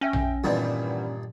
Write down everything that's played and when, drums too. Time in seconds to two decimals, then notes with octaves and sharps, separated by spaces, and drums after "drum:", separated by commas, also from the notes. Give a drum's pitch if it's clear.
0.01 C#4 E5 G5 A#6
0.13 drum: tom A#1
0.44 G2 A#2 D#3 E3 G3 B3